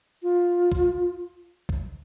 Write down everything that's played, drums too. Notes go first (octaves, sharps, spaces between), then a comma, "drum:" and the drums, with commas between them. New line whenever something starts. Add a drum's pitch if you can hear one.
F4
drum: kick
drum: kick